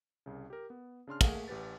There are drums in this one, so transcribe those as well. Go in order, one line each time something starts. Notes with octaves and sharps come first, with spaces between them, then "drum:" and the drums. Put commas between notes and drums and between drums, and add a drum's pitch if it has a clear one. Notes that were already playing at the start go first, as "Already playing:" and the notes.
C2 C#3
G4 A#4
B3
C#3 D4 C6 F6
A3 A#3 G#4 A#4 F5 F#5, drum: kick, cymbal
A1 G4 B4 A6